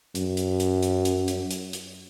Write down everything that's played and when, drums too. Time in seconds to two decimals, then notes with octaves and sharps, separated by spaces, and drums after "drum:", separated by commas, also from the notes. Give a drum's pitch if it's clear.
0.15 F#2, drum: hi-hat
0.37 drum: hi-hat
0.60 drum: hi-hat
0.83 drum: hi-hat
1.05 drum: hi-hat
1.28 drum: hi-hat
1.51 drum: hi-hat
1.73 drum: hi-hat